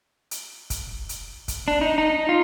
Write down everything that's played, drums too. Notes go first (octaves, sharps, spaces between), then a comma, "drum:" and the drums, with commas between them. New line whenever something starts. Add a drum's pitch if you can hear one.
drum: hi-hat
drum: kick, hi-hat
drum: hi-hat
drum: kick, hi-hat
D4
D#4
D#4
F4